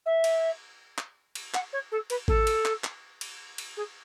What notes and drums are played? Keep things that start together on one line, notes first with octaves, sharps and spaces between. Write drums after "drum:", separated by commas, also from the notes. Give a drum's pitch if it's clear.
E5
drum: cymbal
drum: clap
drum: cymbal
F#5, drum: clap
C#5
A4
B4, drum: cymbal
A4, drum: kick A1
drum: cymbal
drum: clap
drum: clap
drum: cymbal
drum: cymbal
G#4